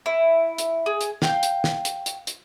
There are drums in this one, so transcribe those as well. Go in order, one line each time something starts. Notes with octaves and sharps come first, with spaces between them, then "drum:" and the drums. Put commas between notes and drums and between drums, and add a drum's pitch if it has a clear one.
E4
drum: hi-hat
G#4
drum: hi-hat
F5 G5 G6, drum: snare
drum: hi-hat
drum: snare
drum: hi-hat
drum: hi-hat
drum: hi-hat